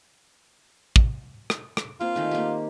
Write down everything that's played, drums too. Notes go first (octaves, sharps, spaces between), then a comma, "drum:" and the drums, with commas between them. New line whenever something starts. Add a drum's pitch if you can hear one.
drum: kick
drum: rim click
drum: rim click
A#3 C4 F4
D#3 A3 G#5
A#3 G4